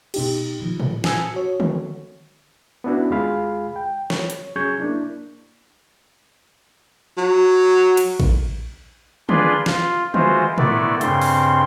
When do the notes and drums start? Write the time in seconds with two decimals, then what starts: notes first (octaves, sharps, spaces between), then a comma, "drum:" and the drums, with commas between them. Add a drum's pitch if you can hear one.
0.14 B2 D#4 G4, drum: cymbal
0.60 A#2 D#3 F3
0.80 drum: tom A2
1.04 G#5 A5 D#6 E6 G#6 C#7, drum: snare
1.34 F#4 C#5
1.60 drum: tom D3
2.84 B3 C#4 D4 E4 F#4
3.10 D#2 G#3 F4 G#4 F5 B5
3.76 G5
4.10 C#5, drum: snare
4.30 drum: hi-hat
4.56 F#3 C#4 G#4 C#6 G6 G#6
4.79 A#3 D4 E4
7.18 F#3
7.97 drum: cymbal
8.20 drum: kick A1
9.29 D4 F4 G#4 B4 D5 C6, drum: tom D3
9.66 F4, drum: snare
10.14 E3 G#3 F4 F#4 C5, drum: tom D3
10.58 D3 D#3 A3 B3 E4 D5, drum: tom A2
11.01 G2 C#3 C4 C6, drum: hi-hat
11.21 drum: open hi-hat